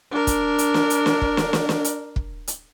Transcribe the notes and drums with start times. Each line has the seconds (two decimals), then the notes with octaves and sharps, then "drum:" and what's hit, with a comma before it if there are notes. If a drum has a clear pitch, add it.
0.11 D4 A#4
0.27 drum: kick, hi-hat
0.59 drum: hi-hat
0.74 drum: snare
0.90 drum: hi-hat
1.06 drum: snare
1.22 drum: kick
1.37 drum: snare
1.53 drum: snare
1.69 drum: snare
1.85 drum: hi-hat
2.16 drum: kick
2.47 drum: hi-hat